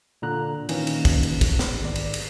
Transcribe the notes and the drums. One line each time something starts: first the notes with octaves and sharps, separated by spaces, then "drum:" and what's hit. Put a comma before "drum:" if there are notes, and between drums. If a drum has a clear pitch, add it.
A#2 D3 A#5 F#6
A#2 D#3 E3 A#3 C#4, drum: cymbal
drum: cymbal
drum: kick, cymbal
drum: cymbal
drum: kick, cymbal
drum: snare
G#1 D5
drum: cymbal
drum: cymbal